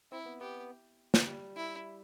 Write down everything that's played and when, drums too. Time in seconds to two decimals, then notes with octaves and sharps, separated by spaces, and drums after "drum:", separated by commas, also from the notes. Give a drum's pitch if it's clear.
0.12 C4 E4
0.26 B3
0.41 B3 G4
1.14 drum: snare
1.27 G3
1.56 E4